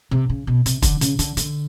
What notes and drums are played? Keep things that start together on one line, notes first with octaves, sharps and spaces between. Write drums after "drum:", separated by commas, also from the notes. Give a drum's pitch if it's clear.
C3
C#3
B2
C3, drum: hi-hat
D3, drum: kick, hi-hat
C#3, drum: hi-hat
D3, drum: hi-hat
D3, drum: hi-hat